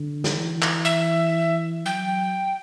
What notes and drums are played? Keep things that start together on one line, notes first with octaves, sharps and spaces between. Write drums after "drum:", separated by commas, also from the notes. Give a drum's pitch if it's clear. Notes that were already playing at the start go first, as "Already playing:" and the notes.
Already playing: D3
drum: snare
E3
drum: clap
E5
F#3 G5